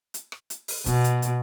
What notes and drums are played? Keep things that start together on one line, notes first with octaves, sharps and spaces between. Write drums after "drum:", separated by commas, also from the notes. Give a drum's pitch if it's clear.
drum: hi-hat
drum: rim click
drum: hi-hat
drum: open hi-hat
B2, drum: kick, hi-hat
drum: hi-hat
drum: hi-hat